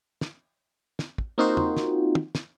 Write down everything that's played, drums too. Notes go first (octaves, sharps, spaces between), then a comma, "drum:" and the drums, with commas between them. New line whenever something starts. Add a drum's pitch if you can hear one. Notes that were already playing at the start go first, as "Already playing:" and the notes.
drum: snare
drum: snare
drum: kick
A#3 C4 D#4 F4 F#4 C5
drum: tom
drum: snare
drum: tom
drum: snare